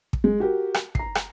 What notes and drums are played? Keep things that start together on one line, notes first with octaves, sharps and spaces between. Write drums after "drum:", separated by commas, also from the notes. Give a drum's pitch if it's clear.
drum: kick
G#3
F#4 G4 A#4
drum: rim click
A#5 C7, drum: kick
drum: rim click